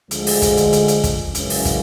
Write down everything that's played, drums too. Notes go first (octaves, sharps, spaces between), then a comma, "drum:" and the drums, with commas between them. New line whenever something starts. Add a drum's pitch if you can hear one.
D2 D3 F3 G#3, drum: hi-hat
drum: open hi-hat
drum: kick, hi-hat
drum: hi-hat
drum: hi-hat
drum: hi-hat
drum: kick, hi-hat
F#2 C#3 E3 G#3 C#4, drum: hi-hat
drum: open hi-hat
drum: kick, hi-hat